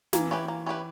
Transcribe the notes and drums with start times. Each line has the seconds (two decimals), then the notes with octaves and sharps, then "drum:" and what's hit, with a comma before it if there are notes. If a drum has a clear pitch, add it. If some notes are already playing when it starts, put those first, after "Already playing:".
0.13 E3 A#3, drum: snare
0.31 C#4 E4 G4 B4
0.48 A#3
0.66 C#4 E4 G4 B4